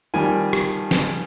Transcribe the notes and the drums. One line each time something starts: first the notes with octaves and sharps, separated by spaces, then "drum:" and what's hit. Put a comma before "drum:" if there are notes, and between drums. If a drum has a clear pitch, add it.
F2 D#3 G3 G#5
drum: rim click
drum: snare